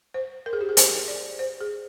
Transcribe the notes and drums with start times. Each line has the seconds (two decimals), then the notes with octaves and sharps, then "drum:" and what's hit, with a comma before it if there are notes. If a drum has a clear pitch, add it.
0.14 C5
0.46 A#4
0.53 G#4
0.61 G4
0.69 G#4
0.77 C5, drum: hi-hat
1.08 D5
1.39 C5
1.61 G#4